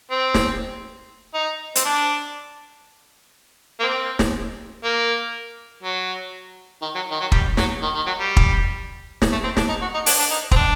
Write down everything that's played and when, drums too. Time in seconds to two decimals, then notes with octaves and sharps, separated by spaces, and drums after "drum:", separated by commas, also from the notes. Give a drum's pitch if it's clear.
0.11 C4
0.34 drum: snare
1.34 D#4
1.75 C4, drum: hi-hat
1.85 D4
3.80 A#3
3.83 C4
4.19 drum: snare
4.84 A#3
5.83 F#3
6.82 D#3
6.95 F#3
7.11 D#3
7.20 F#3
7.32 G3, drum: kick
7.57 F#3, drum: snare
7.82 D#3
7.95 D#3
8.06 F#3
8.19 G3
8.37 drum: kick
9.22 drum: snare
9.32 A3
9.44 C4
9.57 D4, drum: snare
9.69 D#4
9.82 F#4
9.94 D#4
10.06 D4, drum: open hi-hat
10.19 D4
10.30 D#4
10.51 C4, drum: kick
10.56 D4